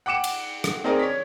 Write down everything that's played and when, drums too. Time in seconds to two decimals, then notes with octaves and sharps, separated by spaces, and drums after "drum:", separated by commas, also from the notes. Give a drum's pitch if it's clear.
0.06 F#5 G5 D6 C#7 E7
0.24 drum: cymbal
0.64 drum: rim click
0.84 C4 D#4 G#4 A#4 D5 D#5
0.99 C#5 B6